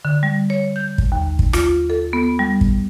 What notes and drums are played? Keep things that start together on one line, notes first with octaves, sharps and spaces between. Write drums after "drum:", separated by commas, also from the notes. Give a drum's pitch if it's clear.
D3
G3
C#5
G6
drum: kick
D#2
drum: kick
F4, drum: rim click
A4
B3
G3
drum: kick